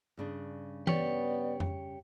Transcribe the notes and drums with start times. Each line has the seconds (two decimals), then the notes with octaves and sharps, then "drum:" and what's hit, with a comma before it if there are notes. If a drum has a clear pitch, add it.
0.17 G2 C#3 D4
0.87 B3 G4 C#5 D5, drum: tom E3
1.60 drum: tom F2